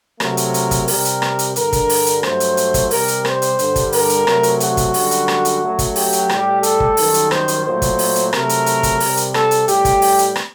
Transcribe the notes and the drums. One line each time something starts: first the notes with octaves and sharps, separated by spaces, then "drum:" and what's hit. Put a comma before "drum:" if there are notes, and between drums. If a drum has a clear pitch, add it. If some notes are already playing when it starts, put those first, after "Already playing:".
C3 F#3 A3 A#4, drum: rim click
drum: hi-hat
drum: hi-hat
drum: kick, hi-hat
C3 G3 A#4, drum: open hi-hat
drum: hi-hat
drum: rim click
drum: hi-hat
G2 D3 G3 A#4, drum: hi-hat
drum: kick, hi-hat
drum: open hi-hat
drum: hi-hat
G2 F#3 A3 C5, drum: rim click
drum: hi-hat
drum: hi-hat
drum: kick, hi-hat
C3 G3 A#4, drum: open hi-hat
drum: hi-hat
C5, drum: rim click
drum: hi-hat
G2 D3 G3, drum: hi-hat
drum: kick, hi-hat
A#4, drum: open hi-hat
drum: hi-hat
C3 F#3 A3, drum: rim click
drum: hi-hat
F#4, drum: hi-hat
drum: kick, hi-hat
F#2 D3 G3, drum: open hi-hat
drum: hi-hat
drum: rim click
drum: hi-hat
F#2 F#3 A3
drum: kick, hi-hat
G4, drum: open hi-hat
drum: hi-hat
A2 G3, drum: rim click
A4, drum: hi-hat
drum: kick
F#2 D#3 G3, drum: open hi-hat
drum: hi-hat
C5, drum: rim click
drum: hi-hat
A#2 F#3 A3 C5
drum: kick, hi-hat
drum: open hi-hat
drum: hi-hat
C3 F#3 A3 A#4, drum: rim click
drum: hi-hat
drum: hi-hat
drum: kick, hi-hat
C3 G3, drum: open hi-hat
drum: hi-hat
A4, drum: rim click
drum: hi-hat
A2 G3 G4, drum: hi-hat
drum: kick, hi-hat
drum: open hi-hat
drum: hi-hat
drum: rim click